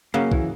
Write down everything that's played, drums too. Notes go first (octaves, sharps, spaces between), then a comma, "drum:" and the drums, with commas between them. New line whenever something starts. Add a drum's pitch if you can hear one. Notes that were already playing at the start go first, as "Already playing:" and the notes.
C#3 F#3 A#3 C#4
E3, drum: kick